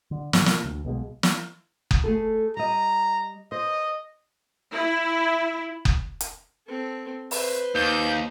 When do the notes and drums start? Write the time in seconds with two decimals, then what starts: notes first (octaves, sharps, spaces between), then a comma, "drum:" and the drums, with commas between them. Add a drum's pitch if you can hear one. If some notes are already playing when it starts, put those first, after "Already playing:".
0.11 D3
0.33 G#2 D#3 F#3 A3, drum: snare
0.46 C3 F3 A#3, drum: snare
0.65 D2
0.85 B1 B2 D3 G#3
1.23 drum: snare
1.91 drum: kick F#1
2.04 A3 G#4 A4
2.57 G3 D#5 A#5
3.52 C5 D#5
4.72 E4
5.85 drum: kick F#1
6.21 drum: hi-hat
6.67 C4 A4
7.31 B4 C5, drum: open hi-hat
7.75 D#2 G6